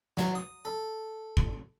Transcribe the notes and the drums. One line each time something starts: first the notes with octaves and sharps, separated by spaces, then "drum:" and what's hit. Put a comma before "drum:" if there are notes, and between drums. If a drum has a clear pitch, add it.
F#3, drum: snare
D#6
A4
drum: kick